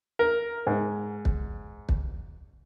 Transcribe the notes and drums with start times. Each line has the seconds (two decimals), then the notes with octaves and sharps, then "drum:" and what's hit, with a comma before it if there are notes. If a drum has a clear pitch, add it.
0.19 A#4
0.67 G#2
1.25 drum: kick
1.89 drum: kick